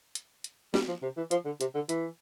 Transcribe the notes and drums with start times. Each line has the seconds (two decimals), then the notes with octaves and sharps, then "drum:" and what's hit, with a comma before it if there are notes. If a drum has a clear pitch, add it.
0.15 drum: hi-hat
0.44 drum: hi-hat
0.74 G3, drum: snare
0.88 F3
1.02 C3
1.17 E3
1.31 F3, drum: hi-hat
1.45 D3
1.61 C3, drum: hi-hat
1.75 D3
1.89 E3, drum: hi-hat